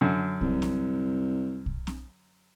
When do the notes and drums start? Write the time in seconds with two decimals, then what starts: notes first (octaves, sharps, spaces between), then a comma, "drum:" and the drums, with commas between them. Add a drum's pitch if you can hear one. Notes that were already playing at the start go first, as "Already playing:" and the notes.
0.01 F#2 D3
0.41 C2, drum: kick
0.62 drum: snare C4
1.66 drum: kick
1.87 drum: snare C4